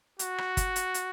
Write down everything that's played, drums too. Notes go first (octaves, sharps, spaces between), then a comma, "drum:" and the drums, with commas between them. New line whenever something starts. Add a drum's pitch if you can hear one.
F#4, drum: hi-hat
drum: rim click
drum: kick G1, hi-hat
drum: hi-hat
drum: hi-hat